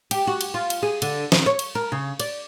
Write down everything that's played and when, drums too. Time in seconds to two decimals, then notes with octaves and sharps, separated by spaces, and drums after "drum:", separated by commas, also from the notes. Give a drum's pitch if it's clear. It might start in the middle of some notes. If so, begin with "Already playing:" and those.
0.11 G4, drum: cymbal
0.27 F#4
0.41 drum: cymbal
0.54 F4
0.70 drum: cymbal
0.83 G#4
1.02 D3, drum: cymbal
1.32 D#3, drum: snare
1.46 C#5
1.59 drum: cymbal
1.75 A#4
1.92 C#3
2.20 D5, drum: cymbal